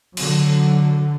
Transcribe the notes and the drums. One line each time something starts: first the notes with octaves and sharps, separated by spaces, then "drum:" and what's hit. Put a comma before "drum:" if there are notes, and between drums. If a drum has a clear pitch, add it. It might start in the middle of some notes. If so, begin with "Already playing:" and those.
D3 F#3, drum: cymbal